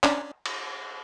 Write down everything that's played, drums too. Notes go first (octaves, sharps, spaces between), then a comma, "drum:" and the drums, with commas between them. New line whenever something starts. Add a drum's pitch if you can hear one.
C#4 D4 D5, drum: clap
drum: cymbal